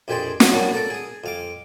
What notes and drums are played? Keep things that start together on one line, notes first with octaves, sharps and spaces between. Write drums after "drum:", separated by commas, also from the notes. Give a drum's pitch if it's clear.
A#1 F2 G4 G#4 C5 D5
F#3, drum: snare
F#3 G3 A#3 D4 C#5
A4 A#4 D5
G#4 D#6
F2 F5 D6